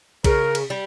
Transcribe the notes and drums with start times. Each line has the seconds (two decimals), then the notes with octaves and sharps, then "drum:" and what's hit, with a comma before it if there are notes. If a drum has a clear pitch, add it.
0.24 C#3 A#4, drum: kick A#1, cymbal
0.55 drum: cymbal
0.70 G3